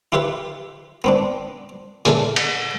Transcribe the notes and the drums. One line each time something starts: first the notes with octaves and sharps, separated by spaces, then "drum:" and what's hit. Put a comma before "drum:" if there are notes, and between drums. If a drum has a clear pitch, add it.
E4 F4 G4 B4 E5
B3 C4 D4
A#2 C#3 E3 A4 E5, drum: hi-hat
drum: cymbal